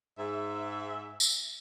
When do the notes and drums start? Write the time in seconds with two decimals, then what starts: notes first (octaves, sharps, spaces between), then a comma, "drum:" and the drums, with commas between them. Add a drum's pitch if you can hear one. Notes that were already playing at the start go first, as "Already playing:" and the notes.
0.18 G#2 E5
1.20 drum: tambourine